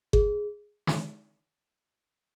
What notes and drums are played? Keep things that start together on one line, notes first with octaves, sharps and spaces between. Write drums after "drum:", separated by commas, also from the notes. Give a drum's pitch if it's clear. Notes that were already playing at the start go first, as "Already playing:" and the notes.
G#4, drum: kick G1
drum: snare